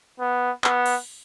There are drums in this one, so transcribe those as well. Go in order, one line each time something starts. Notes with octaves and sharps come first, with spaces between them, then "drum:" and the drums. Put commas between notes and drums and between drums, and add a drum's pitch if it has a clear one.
B3
B3, drum: clap
drum: cymbal